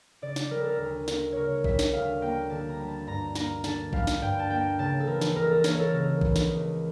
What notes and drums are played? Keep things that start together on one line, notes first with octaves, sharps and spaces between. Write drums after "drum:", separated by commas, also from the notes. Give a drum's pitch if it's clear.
C#3 D5
drum: snare
G3 A#4
A4
A#4
D2
A#3, drum: snare
C#3 A#4 C#5
G3 E5, drum: kick A#1
drum: snare
D2 F5
A#3 G5
D3 A5
A#5
G3
A5
G2 A#5
A#3 A#5, drum: snare
D3 A5, drum: snare
G3 F5, drum: kick A#1
drum: snare
G2 G5
A5
A#3 G5
C#3 A5
A4
E3 A#4
drum: snare
C#2 A#4
A4
A#4
A#3 C#5, drum: snare
A#4
A4
C#3 A#4
E3, drum: kick A#1
drum: snare
C#2